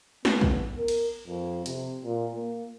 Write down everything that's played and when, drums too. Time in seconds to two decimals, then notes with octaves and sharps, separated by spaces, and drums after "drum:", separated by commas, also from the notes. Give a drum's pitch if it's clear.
0.25 B3, drum: snare
0.41 drum: kick
0.78 A#4
0.88 drum: cymbal
1.27 F2
1.66 C3, drum: hi-hat
2.04 A#2
2.35 A#3